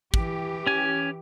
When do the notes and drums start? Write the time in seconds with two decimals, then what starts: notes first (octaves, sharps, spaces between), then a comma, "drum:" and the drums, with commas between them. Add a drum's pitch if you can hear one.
0.14 E3 G4, drum: kick
0.67 C#4 G#5